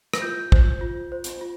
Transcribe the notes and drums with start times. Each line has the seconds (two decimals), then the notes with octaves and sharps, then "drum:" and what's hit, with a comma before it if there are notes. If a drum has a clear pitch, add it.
0.14 A#6, drum: rim click
0.22 F4 G6
0.52 C5, drum: kick
0.81 F4
1.12 C5
1.24 drum: hi-hat
1.41 F4